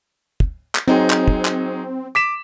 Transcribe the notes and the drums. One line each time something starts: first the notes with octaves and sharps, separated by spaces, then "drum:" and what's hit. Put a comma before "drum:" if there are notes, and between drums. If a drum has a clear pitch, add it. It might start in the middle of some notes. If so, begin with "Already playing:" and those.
drum: kick
drum: clap
F#3 C4 D#4 G#4
drum: clap
drum: kick
drum: clap
D6 B6 E7